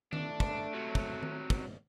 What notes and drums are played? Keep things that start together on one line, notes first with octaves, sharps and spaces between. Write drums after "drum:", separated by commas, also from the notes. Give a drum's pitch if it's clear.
A3 D4, drum: tom D#3
drum: kick
C3 F#3
drum: kick
drum: tom D#3
drum: kick